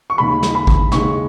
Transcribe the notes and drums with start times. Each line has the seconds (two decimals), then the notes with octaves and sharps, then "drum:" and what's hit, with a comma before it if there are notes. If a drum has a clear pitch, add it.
0.10 C#6
0.18 D#2 C#3 G#3 B5
0.43 drum: snare
0.55 B5
0.67 drum: kick G#1
0.92 D#2 C#3 G#3 C#6, drum: snare